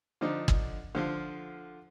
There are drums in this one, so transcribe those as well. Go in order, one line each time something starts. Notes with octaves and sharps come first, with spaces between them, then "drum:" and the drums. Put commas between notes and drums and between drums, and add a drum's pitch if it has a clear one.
D3 F3 D4 D#4
drum: kick
D3 F3 F4